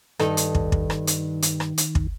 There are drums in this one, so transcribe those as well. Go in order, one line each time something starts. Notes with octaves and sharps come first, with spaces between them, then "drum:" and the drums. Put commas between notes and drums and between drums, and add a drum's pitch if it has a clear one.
G2 D#3 D#4 A4, drum: rim click
drum: hi-hat
drum: kick
drum: kick
drum: rim click
drum: hi-hat
drum: hi-hat
drum: rim click
drum: hi-hat
drum: kick